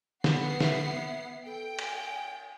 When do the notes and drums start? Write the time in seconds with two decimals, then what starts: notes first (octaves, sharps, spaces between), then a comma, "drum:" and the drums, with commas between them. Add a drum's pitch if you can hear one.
0.24 B3 F#5 C7, drum: snare
0.60 E5, drum: snare
1.46 A4 G5
1.79 G#5, drum: cymbal